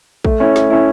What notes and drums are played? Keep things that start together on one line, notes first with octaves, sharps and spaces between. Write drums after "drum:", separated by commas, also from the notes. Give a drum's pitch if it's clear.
A3, drum: kick
C#4 E4
A3, drum: snare
C#4 E4